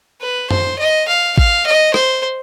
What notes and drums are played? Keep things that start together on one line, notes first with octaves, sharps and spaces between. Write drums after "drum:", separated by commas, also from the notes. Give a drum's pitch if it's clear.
B4
C5, drum: tom F#2
D#5
F5
F5, drum: kick A1
D#5
C5, drum: rim click